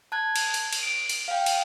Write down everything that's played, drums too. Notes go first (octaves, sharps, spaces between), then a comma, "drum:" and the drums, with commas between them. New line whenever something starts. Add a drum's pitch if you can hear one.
A5 F#6 G#6
drum: cymbal
drum: cymbal
drum: cymbal
D7
drum: cymbal
F5 G5
drum: cymbal